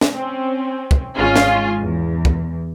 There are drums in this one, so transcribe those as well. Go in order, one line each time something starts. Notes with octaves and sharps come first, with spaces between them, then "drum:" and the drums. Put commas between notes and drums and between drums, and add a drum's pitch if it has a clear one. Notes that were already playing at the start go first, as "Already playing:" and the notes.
drum: snare
C4 C#4
drum: kick
G#1 G#3 C#4 F4 G#5
drum: snare
E2
drum: kick